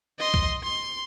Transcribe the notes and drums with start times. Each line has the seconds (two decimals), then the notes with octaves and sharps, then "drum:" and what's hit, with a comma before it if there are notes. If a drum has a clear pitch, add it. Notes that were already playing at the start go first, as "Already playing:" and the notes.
0.19 D#5 C6
0.34 drum: kick C2
0.63 C6